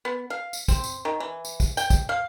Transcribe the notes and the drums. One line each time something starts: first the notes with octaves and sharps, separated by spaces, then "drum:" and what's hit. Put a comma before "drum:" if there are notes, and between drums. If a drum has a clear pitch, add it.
B3
F5
drum: tambourine
C4, drum: kick, tambourine
drum: tambourine
D#3
E3
drum: tambourine
drum: kick, tambourine
G5, drum: tambourine
drum: kick, tambourine
F5